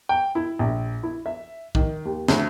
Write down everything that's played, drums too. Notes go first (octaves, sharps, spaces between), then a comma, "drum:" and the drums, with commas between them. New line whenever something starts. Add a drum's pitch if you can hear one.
G5
E4
A#1
E4
E5
D#3, drum: kick
D#2
D2, drum: snare